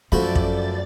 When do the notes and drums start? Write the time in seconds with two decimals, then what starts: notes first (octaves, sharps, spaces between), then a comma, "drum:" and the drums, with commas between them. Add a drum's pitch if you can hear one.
0.12 F#2 F3 A3 C#4 F#4 D5 B5 A6
0.36 drum: kick